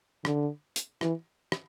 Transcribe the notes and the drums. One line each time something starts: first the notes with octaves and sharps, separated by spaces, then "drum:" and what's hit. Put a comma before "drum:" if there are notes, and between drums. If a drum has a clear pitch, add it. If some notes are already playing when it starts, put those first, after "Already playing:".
D3, drum: rim click
drum: hi-hat
E3, drum: rim click
drum: rim click